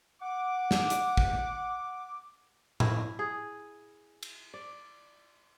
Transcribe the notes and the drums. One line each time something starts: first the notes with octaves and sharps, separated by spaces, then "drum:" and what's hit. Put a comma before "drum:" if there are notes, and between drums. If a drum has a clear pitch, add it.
F#5 D6
drum: snare
drum: hi-hat
drum: kick A1
E4, drum: tom A2
G#4
drum: cymbal
D5